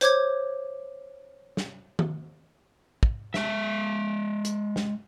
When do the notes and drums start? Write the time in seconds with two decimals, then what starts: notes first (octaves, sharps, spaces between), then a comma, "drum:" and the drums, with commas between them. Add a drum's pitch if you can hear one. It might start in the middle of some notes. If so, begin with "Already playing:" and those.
0.01 C5 C#5 D6 G#6, drum: hi-hat
1.57 drum: snare
1.99 drum: tom D#3
3.03 drum: kick
3.34 G#3 E5, drum: snare
4.45 drum: hi-hat
4.76 drum: snare